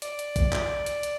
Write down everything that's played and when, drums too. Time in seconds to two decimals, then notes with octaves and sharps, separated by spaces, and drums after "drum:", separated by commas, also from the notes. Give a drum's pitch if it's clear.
0.02 D5, drum: hi-hat
0.19 drum: hi-hat
0.36 drum: kick, hi-hat
0.53 drum: clap
0.86 drum: hi-hat
1.03 drum: hi-hat